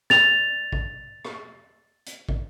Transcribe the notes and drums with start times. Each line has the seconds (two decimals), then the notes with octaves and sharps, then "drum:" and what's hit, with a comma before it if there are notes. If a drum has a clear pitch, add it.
0.10 A6 F7, drum: snare
0.72 drum: kick
1.25 drum: rim click
2.06 drum: hi-hat
2.29 drum: kick